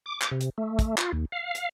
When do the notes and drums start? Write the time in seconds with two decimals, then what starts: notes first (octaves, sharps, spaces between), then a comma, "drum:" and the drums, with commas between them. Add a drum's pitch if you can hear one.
0.06 D6
0.22 drum: clap
0.31 C3
0.41 drum: hi-hat
0.58 A3
0.79 drum: kick, hi-hat
0.98 F4, drum: clap
1.13 D#2
1.32 F5
1.55 drum: hi-hat